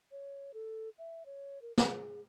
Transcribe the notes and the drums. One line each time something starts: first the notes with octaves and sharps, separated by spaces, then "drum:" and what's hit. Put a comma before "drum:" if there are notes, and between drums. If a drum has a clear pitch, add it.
C#5
A4
E5
C#5
A#4
G#4, drum: snare